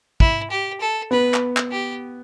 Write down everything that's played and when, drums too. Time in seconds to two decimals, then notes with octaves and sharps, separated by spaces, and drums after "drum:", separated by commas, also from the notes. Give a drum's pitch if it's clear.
0.20 E4, drum: kick
0.51 G4
0.81 A4
1.11 B3 B4
1.34 drum: clap
1.57 drum: clap
1.71 G4